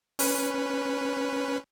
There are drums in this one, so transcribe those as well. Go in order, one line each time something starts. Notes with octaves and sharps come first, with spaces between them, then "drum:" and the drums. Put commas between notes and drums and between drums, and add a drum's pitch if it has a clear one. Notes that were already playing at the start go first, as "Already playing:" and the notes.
C#4 B4, drum: open hi-hat